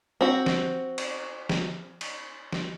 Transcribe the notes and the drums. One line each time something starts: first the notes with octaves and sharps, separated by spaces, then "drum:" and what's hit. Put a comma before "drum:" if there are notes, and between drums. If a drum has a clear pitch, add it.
C4 F#4
drum: snare
drum: cymbal
drum: snare
drum: cymbal
drum: snare